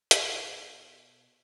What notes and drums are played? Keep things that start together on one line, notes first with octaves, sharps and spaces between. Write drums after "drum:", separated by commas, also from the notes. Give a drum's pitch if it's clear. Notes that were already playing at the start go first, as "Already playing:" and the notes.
drum: hi-hat
B2